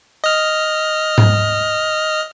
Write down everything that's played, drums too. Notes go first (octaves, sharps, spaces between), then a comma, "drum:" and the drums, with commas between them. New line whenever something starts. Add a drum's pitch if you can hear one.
D#5 F6
drum: tom G#2